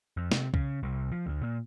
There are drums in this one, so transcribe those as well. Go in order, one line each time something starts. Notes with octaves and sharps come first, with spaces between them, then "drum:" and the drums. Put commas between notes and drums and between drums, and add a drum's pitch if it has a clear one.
F2
C3, drum: snare
C#3, drum: kick C2
C2
F3
D2
A#2